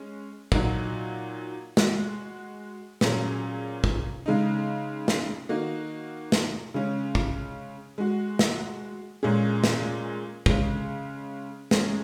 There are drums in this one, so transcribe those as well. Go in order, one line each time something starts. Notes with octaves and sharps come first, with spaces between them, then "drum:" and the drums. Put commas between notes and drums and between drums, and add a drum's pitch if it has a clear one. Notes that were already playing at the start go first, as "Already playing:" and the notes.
Already playing: G#3 C#4
A#2 F#3 D#4 F#4, drum: kick
G#3 F#4, drum: snare
A#2 F#3 C#4 G#4, drum: snare
drum: kick
C#3 G#3 D#4
drum: snare
D#3 A#3 D#4 F#4
drum: snare
C#3 G#3 C#4
drum: kick
G#3 F#4
drum: snare
A#2 G#3 C#4 G#4
drum: snare
C#3 G#3 C#4, drum: kick
G#3 C#4 G#4, drum: snare